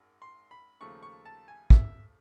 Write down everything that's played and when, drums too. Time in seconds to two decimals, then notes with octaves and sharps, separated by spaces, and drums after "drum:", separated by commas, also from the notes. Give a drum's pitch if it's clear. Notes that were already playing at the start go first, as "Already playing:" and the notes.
Already playing: G#1 F#2
0.22 C6
0.51 B5
0.81 D#2 C#3 F3 A3 C#6
1.03 C#6
1.25 A5
1.48 G#5
1.70 E5, drum: kick